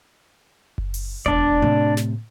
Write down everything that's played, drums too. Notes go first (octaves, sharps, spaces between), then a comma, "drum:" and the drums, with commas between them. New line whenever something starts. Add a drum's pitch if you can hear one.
drum: kick F#1
drum: open hi-hat
E1 D4 D5, drum: kick F#1
A2 C3
drum: snare